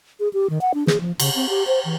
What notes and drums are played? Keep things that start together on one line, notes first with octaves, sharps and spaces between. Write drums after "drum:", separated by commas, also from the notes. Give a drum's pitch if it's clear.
G#4
G4
D#3
F#5
D4
G#4, drum: snare
F3
C#3, drum: cymbal
C4
G4
C5
E3